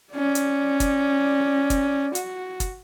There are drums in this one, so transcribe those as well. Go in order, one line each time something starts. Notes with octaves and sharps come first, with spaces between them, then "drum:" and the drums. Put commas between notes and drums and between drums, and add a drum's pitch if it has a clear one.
C#4 D5
drum: hi-hat
drum: kick, hi-hat
drum: kick, hi-hat
F#4, drum: hi-hat
drum: kick, hi-hat